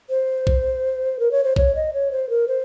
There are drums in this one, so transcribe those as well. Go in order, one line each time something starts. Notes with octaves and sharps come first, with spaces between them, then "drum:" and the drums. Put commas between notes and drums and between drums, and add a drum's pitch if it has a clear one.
C5
drum: kick B1
A#4
C#5
C5
C#5, drum: kick B1
D#5
C#5
C5
A#4
C5